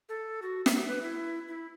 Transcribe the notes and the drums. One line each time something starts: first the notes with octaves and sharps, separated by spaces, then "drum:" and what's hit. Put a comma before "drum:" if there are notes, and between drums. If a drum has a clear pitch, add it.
A4
F#4
E5, drum: snare
B4
E4
E4